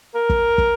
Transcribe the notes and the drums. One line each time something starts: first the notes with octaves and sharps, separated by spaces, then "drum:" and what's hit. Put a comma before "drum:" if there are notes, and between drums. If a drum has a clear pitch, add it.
A#4
drum: kick
drum: kick